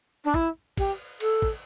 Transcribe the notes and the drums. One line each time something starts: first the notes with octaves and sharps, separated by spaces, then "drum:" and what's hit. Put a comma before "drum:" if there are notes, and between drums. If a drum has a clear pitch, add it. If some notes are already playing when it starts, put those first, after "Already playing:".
D4
E4, drum: kick
G4, drum: kick, cymbal
A4, drum: cymbal
drum: kick